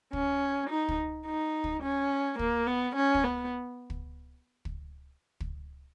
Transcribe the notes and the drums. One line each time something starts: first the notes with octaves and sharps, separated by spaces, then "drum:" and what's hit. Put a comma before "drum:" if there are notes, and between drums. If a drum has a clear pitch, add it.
C#4, drum: kick
D#4
drum: kick
D#4
drum: kick
C#4
A#3, drum: kick
B3
C#4
drum: kick
B3
drum: kick
drum: kick
drum: kick